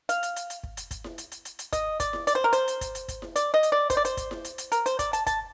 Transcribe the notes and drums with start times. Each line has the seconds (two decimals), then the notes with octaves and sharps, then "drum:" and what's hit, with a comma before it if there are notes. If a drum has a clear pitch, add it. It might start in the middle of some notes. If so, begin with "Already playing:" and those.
0.09 F5, drum: hi-hat
0.23 drum: hi-hat
0.36 drum: hi-hat
0.50 drum: hi-hat
0.63 drum: kick
0.77 drum: hi-hat
0.91 drum: kick, hi-hat
1.04 drum: snare E4
1.18 drum: hi-hat
1.32 drum: hi-hat
1.45 drum: hi-hat
1.59 drum: hi-hat
1.73 D#5, drum: kick, hi-hat
2.00 D5, drum: kick, hi-hat
2.13 drum: snare E4
2.27 D5, drum: hi-hat
2.35 C5
2.44 A#4
2.53 C5, drum: hi-hat
2.68 drum: hi-hat
2.81 drum: kick, hi-hat
2.95 drum: hi-hat
3.08 drum: kick, hi-hat
3.22 drum: snare E4
3.36 D5, drum: hi-hat
3.54 D#5
3.63 drum: hi-hat
3.72 D5
3.90 C5, drum: kick, hi-hat
3.97 D5
4.05 C5, drum: hi-hat
4.17 drum: kick, hi-hat
4.31 drum: snare E4
4.44 drum: hi-hat
4.58 drum: hi-hat
4.72 A#4, drum: hi-hat
4.86 C5, drum: hi-hat
4.99 D5, drum: kick, hi-hat
5.13 A5, drum: hi-hat
5.27 A5, drum: kick, hi-hat